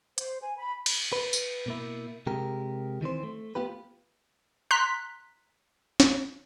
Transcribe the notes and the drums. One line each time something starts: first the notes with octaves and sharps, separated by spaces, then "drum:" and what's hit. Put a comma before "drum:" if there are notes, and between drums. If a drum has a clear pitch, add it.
C5, drum: hi-hat
G#5
B5
drum: cymbal
B4
drum: tambourine
B2 A#3 E4
C3 G#3 G4 A#4
D#3 E3 C4 C5
A3
B3 F4 G4 B4
A#5 C6 F#6 B6
drum: snare